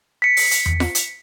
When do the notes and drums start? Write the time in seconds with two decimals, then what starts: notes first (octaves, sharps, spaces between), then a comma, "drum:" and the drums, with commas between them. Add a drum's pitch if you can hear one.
0.22 B6 C#7
0.37 drum: open hi-hat
0.51 drum: hi-hat
0.66 drum: tom E2
0.80 drum: snare F4
0.95 drum: hi-hat